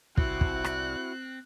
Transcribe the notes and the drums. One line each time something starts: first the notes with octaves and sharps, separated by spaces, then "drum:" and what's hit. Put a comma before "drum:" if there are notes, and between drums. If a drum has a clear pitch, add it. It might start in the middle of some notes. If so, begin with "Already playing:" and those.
C2 C4 E4 F#4 F#5 F#6, drum: kick
drum: kick
drum: rim click